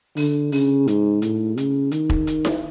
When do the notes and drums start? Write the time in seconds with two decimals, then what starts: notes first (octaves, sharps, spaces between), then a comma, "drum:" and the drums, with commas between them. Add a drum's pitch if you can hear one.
0.17 D3, drum: open hi-hat
0.52 C#3, drum: open hi-hat
0.88 G#2, drum: hi-hat
1.22 A2, drum: hi-hat
1.57 C#3, drum: hi-hat
1.91 D#3, drum: hi-hat
2.10 drum: kick E1
2.27 drum: hi-hat
2.45 drum: snare E4